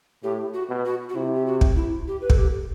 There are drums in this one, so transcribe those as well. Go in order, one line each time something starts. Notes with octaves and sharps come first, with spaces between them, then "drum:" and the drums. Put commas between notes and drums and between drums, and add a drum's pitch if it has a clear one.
A2 G4
F#4
B2
F#4
F#4
C3 E4
G4
F#4
drum: kick
E4
G4
B4
A4, drum: kick
G4